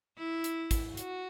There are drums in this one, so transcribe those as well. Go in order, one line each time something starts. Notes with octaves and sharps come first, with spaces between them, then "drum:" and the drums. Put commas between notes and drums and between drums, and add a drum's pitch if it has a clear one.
E4
drum: hi-hat
drum: kick, hi-hat
F#4, drum: hi-hat